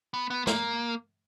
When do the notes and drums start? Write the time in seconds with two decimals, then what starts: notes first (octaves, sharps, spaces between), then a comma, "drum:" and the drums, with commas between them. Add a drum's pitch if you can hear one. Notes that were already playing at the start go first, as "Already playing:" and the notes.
0.14 B3
0.30 B3
0.47 A#3, drum: snare